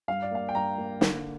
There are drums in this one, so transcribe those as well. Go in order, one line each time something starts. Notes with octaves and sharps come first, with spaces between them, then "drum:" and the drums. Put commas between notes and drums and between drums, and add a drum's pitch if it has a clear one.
G2 F5
D5
A#3 F5
G5
G2 A#5
A#3
D3, drum: snare